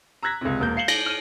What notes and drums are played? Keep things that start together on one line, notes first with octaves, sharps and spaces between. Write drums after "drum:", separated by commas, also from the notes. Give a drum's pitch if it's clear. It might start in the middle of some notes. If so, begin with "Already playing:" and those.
A#5 E6 F#6 G#6 A#6 B6
C#2 C3
E1 A#3 G6
F5 C7 C#7 E7 F#7 G7
A#6, drum: cymbal
F6 D#7